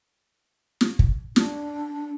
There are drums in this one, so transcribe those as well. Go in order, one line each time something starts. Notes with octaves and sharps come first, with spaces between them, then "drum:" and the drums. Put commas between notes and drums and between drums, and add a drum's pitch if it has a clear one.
drum: snare
drum: kick
D4, drum: snare